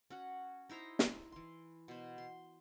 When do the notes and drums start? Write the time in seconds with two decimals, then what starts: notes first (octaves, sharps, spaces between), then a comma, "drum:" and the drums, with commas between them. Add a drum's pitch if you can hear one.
0.10 C#4 F#4 F#5
0.69 D#4 E4 C5 A#5
0.99 drum: snare
1.32 E3 C6
1.88 B2 C5
2.18 C6